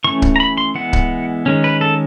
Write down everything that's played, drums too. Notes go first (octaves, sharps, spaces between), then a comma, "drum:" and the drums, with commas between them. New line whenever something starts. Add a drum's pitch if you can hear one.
E3 A3 C#4 C#6
drum: kick C#1
A#5
B5
C6
E3 G#3 B3 F#5
drum: kick C#1
D#3 G#3 C#4
B4
A4